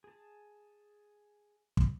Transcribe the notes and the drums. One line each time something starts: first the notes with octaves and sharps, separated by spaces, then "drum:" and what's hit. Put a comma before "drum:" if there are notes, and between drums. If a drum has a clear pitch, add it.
G#4 A5
drum: kick